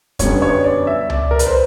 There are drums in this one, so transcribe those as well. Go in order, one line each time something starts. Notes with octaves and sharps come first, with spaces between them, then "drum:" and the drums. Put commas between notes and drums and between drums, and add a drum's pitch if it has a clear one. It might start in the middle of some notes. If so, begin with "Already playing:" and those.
F#2 D3 G3 B3 C#5, drum: kick, hi-hat
C#5
D5
E5
D5, drum: tom C#2
A#4
B4, drum: hi-hat
C5